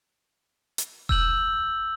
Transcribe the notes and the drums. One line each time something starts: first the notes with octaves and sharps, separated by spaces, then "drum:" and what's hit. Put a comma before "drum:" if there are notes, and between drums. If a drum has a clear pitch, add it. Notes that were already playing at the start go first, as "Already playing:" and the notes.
drum: hi-hat
E6 G6 F#7, drum: kick E1